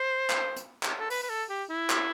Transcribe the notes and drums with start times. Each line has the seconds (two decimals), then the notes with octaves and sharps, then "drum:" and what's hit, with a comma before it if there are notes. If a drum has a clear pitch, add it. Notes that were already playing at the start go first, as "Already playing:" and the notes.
Already playing: C5
0.30 drum: clap
0.56 drum: hi-hat
0.83 drum: clap
1.00 A4
1.10 B4, drum: open hi-hat
1.23 B4
1.30 A4
1.49 G4
1.70 E4
1.90 drum: clap